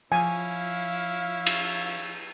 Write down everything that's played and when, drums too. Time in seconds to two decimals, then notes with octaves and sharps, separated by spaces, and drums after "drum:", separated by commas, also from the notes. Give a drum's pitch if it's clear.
0.12 F3 C#4 E4 F5 G#5
1.46 drum: cymbal